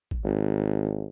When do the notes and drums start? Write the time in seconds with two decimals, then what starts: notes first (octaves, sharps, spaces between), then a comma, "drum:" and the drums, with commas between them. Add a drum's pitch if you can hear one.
0.11 drum: kick G#1
0.24 G#1